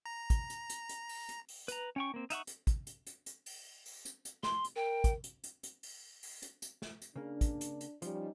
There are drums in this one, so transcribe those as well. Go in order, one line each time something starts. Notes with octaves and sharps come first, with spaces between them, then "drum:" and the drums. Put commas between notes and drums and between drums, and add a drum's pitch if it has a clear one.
A#5
drum: kick, hi-hat
drum: hi-hat
drum: hi-hat
drum: hi-hat
drum: open hi-hat
drum: hi-hat
drum: open hi-hat
B4 A#5, drum: hi-hat
C#4 G5 C#6
A#3 C4
D#4 E5 F#5 C#6, drum: hi-hat
drum: hi-hat
drum: kick, hi-hat
drum: hi-hat
drum: hi-hat
drum: hi-hat
drum: open hi-hat
drum: open hi-hat
drum: hi-hat
drum: hi-hat
C6, drum: snare
drum: hi-hat
A#4 G5
drum: kick, hi-hat
drum: hi-hat
drum: hi-hat
drum: hi-hat
drum: open hi-hat
drum: open hi-hat
drum: hi-hat
drum: hi-hat
drum: snare
drum: hi-hat
C#3 A#3 D4
drum: kick, hi-hat
drum: hi-hat
drum: hi-hat
F3 G3 C#4 D#4, drum: hi-hat